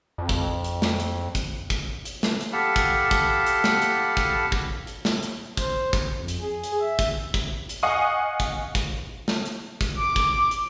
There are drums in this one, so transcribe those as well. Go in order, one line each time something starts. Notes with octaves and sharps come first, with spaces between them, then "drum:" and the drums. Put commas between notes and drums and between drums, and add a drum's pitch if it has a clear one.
F2
drum: kick, hi-hat
drum: hi-hat
drum: snare
drum: hi-hat
drum: kick, hi-hat
drum: kick, hi-hat
drum: hi-hat
drum: snare
drum: hi-hat
G4 A4 F5 F#5 A5 B5
drum: kick, hi-hat
drum: kick, hi-hat
drum: hi-hat
drum: snare
drum: hi-hat
drum: kick, hi-hat
drum: kick
drum: hi-hat
drum: snare
drum: hi-hat
C5, drum: kick, hi-hat
drum: kick, hi-hat
F2
drum: hi-hat
G#4
drum: hi-hat
E5
drum: kick, hi-hat
drum: kick, hi-hat
drum: hi-hat
D#5 F5 F#5 G#5 C#6 D#6
drum: kick, hi-hat
drum: kick, hi-hat
drum: snare
drum: hi-hat
drum: kick, hi-hat
D6
drum: kick, hi-hat
drum: hi-hat